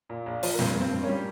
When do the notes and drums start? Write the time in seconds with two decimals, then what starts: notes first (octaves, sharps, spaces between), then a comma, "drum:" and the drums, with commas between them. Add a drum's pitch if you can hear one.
0.09 A#2
0.26 A#1
0.43 F3, drum: open hi-hat
0.54 A#3
0.59 G2 C4, drum: snare
0.75 G2
0.81 C4
0.93 G2
1.03 A#3 C#4
1.09 G3